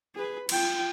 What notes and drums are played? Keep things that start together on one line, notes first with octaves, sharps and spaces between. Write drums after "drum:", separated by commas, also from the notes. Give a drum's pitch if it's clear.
G#4 B4
F4 G5, drum: cymbal